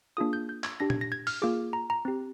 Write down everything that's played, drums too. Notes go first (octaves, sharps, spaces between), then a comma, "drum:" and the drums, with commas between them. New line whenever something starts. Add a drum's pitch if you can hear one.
A#3 D4 F4 G#4 D#6
G6
G6
G#6, drum: clap
D4 G4 A#6
G#6, drum: tom A#2
A#6
G#6
F6, drum: open hi-hat
A#3 F4 G#4 D6
A#5
A#5
C4 G4